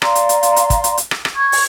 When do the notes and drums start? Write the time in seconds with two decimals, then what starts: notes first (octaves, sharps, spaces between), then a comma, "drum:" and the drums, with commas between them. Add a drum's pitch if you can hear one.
0.02 D5 F5 A#5 C6, drum: rim click
0.15 drum: hi-hat
0.29 drum: hi-hat
0.43 drum: hi-hat
0.56 drum: hi-hat
0.70 drum: kick, hi-hat
0.84 drum: hi-hat
0.98 drum: hi-hat
1.11 drum: rim click
1.25 drum: rim click
1.35 C#6 G#6
1.52 drum: open hi-hat